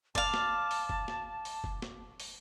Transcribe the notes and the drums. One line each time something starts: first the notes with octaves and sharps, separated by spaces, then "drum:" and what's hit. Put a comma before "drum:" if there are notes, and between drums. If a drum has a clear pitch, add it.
D5 F5 A5, drum: kick F1
drum: snare
drum: open hi-hat
drum: kick F1
drum: snare
drum: open hi-hat
drum: kick F1
drum: snare
drum: open hi-hat